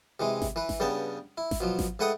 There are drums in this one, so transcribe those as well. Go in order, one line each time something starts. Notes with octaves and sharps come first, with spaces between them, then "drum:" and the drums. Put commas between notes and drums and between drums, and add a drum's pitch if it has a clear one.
C3 E3 G#3
drum: snare G#1
E3 B4
drum: snare G#1
G2 C#3 B3 G5 A5
E4
drum: snare G#1
B2 F3 F#3
drum: snare G#1
G#2 A3 B4 F#5 G5 D#6